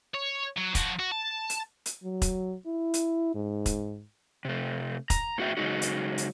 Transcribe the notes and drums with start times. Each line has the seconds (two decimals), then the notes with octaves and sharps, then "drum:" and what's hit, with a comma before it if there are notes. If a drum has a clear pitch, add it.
0.15 C#5
0.58 F#3
0.75 F3 F#4, drum: kick E1, hi-hat
0.99 F#4
1.12 A5
1.50 drum: hi-hat
1.86 drum: hi-hat
2.04 F#3
2.22 drum: kick E1, hi-hat
2.66 E4
2.94 drum: hi-hat
3.35 G#2
3.66 drum: kick E1, hi-hat
4.45 C3 A3
5.10 A#5, drum: kick E1, hi-hat
5.38 A2 A3 F#4 G#4 E5 G5
5.57 C#3 F3 F#3 G#3 D#4 F#4
5.82 drum: hi-hat
6.18 drum: hi-hat